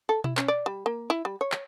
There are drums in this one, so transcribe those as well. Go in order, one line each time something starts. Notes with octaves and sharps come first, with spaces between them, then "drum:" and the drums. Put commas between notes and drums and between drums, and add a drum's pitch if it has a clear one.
A4
E4, drum: tom B2
C#4, drum: clap
D5
G3
A#3
E4
G3
C#5
drum: clap